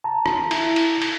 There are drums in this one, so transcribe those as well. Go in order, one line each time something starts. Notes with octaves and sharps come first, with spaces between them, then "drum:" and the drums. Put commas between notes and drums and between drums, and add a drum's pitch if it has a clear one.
A5 A#5
drum: rim click
E4, drum: cymbal
drum: cymbal
drum: cymbal